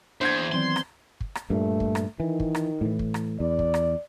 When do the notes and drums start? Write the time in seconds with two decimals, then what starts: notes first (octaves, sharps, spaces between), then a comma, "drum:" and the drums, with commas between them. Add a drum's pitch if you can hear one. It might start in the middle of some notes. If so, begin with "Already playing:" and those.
0.21 E2 A#3 D4 C5 G6 G#6
0.52 D#3 E3 F#3 B3 C4 D5 C6
0.76 drum: rim click
1.21 drum: kick
1.35 drum: rim click
1.50 G2 A#2 A3
1.80 drum: kick
1.95 drum: rim click
2.20 D#3 E3
2.40 drum: kick
2.55 drum: rim click
2.81 A2 E3
2.99 drum: kick
3.14 drum: rim click
3.40 E2 D5
3.59 drum: kick
3.74 drum: rim click